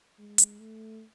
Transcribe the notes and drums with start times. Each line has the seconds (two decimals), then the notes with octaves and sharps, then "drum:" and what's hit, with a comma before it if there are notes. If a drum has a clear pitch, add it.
0.19 G#3
0.38 drum: hi-hat
0.60 A3